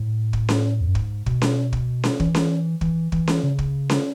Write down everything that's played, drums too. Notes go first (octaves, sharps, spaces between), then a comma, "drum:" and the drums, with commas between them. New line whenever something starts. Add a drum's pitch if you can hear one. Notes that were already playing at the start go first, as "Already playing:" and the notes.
Already playing: A2
drum: kick
drum: snare C#4
E2
F#2
G#2, drum: kick
B2, drum: kick
drum: snare C#4
drum: kick
drum: snare C#4
E3, drum: kick
drum: snare C#4
E3, drum: kick
E3, drum: kick
drum: snare C#4
C#3
drum: kick
drum: snare C#4